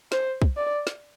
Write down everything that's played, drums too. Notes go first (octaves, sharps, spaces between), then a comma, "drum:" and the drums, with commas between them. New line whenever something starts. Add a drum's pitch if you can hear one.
C5, drum: snare
drum: kick
D5
drum: snare